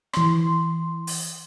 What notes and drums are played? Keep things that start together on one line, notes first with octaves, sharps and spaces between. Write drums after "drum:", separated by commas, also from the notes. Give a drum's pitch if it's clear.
E3 C6, drum: rim click
drum: open hi-hat